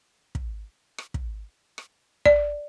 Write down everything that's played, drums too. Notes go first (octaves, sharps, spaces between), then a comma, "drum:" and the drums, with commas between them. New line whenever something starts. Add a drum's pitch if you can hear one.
drum: kick
drum: rim click
drum: kick
drum: rim click
D5, drum: kick